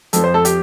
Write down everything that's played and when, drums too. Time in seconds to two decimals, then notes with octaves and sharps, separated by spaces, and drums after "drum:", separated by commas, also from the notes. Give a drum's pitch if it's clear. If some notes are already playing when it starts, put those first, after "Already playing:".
0.13 F2 F3 A4, drum: hi-hat
0.24 C5
0.34 A4
0.45 G4, drum: hi-hat